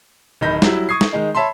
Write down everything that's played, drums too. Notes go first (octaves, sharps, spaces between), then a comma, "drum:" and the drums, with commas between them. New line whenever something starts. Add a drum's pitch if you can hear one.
D1 D#3 D#4 B5 G6 A#6
F#3 G3 E4, drum: snare
C#6 D#6 G#6 C7
drum: snare
D#3 G#3 D#4
C#5 E5 A5 B5 C6